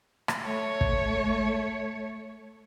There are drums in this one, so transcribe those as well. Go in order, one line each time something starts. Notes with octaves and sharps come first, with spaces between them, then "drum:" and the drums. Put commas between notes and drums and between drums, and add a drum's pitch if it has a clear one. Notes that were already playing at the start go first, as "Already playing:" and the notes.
drum: rim click
A3 C#5
drum: kick